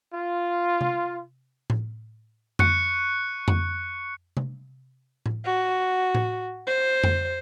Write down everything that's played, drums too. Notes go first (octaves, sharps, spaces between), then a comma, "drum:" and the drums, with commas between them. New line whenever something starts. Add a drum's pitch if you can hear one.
F4
drum: tom C3
drum: tom A2
C#6 F#6 C#7, drum: tom F2
drum: tom F2
drum: tom C3
drum: tom A2
F#4
drum: tom A2
C5
drum: tom F2